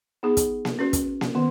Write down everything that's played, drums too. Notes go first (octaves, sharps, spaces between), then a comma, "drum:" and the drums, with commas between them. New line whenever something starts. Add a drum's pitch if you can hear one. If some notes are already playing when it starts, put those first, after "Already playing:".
B3 D#4 G#4
drum: kick, hi-hat
drum: snare A#3
C#4 F#4 B4
drum: kick, hi-hat
drum: snare A#3
D#3 B3